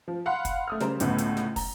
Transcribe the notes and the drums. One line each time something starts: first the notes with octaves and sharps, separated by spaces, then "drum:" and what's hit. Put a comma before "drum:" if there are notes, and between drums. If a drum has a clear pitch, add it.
F3
F5 F#5 B5 C6
drum: kick, hi-hat
A3 D#6 F6
C#3 G3 A#4 C5, drum: snare
C#2 A2 D3 B3, drum: hi-hat
drum: hi-hat
drum: snare
A#5, drum: kick, open hi-hat